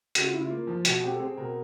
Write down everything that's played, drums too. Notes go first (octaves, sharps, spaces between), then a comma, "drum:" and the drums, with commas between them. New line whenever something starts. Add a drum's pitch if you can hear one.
C#3 F#4, drum: hi-hat
F4
C#3 E4
F4
A#3
F3
B2 F#4, drum: hi-hat
C4 G4
A4
C4 G#4
B2 A#4